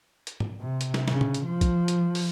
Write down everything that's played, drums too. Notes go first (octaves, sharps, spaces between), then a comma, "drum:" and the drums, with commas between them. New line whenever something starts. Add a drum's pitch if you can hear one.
drum: hi-hat
drum: tom G#2
C3
drum: hi-hat
drum: snare
C#3, drum: snare
drum: tom A#2
drum: hi-hat
F3
drum: kick, hi-hat
drum: hi-hat
drum: open hi-hat